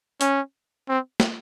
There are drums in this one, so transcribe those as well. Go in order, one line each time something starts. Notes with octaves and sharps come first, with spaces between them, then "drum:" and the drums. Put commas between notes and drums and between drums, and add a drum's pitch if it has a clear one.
C#4, drum: hi-hat
C4
drum: snare